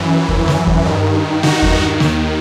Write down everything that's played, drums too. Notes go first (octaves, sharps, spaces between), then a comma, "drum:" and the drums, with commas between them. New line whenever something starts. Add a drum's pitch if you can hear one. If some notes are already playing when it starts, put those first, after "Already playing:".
Already playing: F#2 E3
drum: kick E2
drum: snare
drum: kick E2
G2 D#3
D#4 F#4, drum: snare
drum: kick E2
D#2 D#3, drum: snare